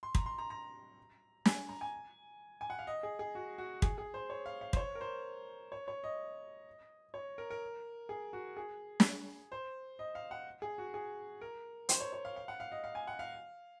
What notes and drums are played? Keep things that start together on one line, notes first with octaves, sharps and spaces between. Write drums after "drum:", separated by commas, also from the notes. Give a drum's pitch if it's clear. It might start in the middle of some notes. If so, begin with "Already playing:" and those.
C6
A#5, drum: kick
C6
A#5
A#5
G#5, drum: snare
A#5
G#5
G#5
F#5
F5
D#5
G#4
G#4
F#4
F#4
G#4, drum: kick
G#4
C5
C#5
F5
F5
C5, drum: kick
C#5
A#4
C5
C#5
C#5
D#5
C#5
A#4
A#4
G#4
F#4
G#4
drum: snare
C5
D#5
F5
F#5
G#4
F#4
G#4
A#4
C5, drum: hi-hat
C#5
C#5
F5
F5
F#5
F5
D#5
F5
G#5
F#5
F5